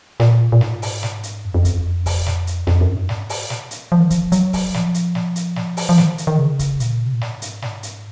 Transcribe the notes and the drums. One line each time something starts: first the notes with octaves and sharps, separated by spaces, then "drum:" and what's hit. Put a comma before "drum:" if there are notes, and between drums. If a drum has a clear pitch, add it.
A#2, drum: snare
A#2
G#2, drum: snare
drum: open hi-hat
drum: snare
drum: hi-hat
F#2
F2
F#2, drum: kick, hi-hat
F2
drum: kick, open hi-hat
drum: snare
drum: hi-hat
F2, drum: snare
F#2
G#2
drum: snare
drum: open hi-hat
drum: snare
drum: hi-hat
F3
D#3
F3, drum: kick, hi-hat
F#3, drum: hi-hat
drum: kick, open hi-hat
F3, drum: snare
drum: hi-hat
drum: snare
drum: hi-hat
drum: snare
drum: open hi-hat
F3
D#3, drum: snare
drum: hi-hat
D#3
C#3
drum: kick, hi-hat
A#2, drum: hi-hat
C3
A#2
G#2, drum: snare
drum: hi-hat
drum: snare
drum: hi-hat